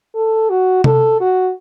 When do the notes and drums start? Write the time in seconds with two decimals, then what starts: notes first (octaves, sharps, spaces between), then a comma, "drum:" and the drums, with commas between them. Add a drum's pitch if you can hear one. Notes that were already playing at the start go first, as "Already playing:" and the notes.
0.14 A4
0.50 F#4
0.84 A4, drum: tom C3
1.20 F#4